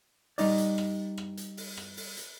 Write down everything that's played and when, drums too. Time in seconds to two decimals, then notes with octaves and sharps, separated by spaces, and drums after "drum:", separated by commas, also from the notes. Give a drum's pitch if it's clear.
0.38 G3 D#4 D5, drum: open hi-hat
0.58 drum: hi-hat
0.78 drum: rim click
1.18 drum: rim click
1.37 drum: hi-hat
1.57 drum: open hi-hat
1.77 drum: rim click
1.97 drum: open hi-hat
2.17 drum: hi-hat